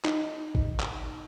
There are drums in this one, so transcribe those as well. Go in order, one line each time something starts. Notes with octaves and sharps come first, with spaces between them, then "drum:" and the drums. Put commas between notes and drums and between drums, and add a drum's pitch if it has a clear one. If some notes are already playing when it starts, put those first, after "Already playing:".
D#4, drum: clap
drum: kick
drum: clap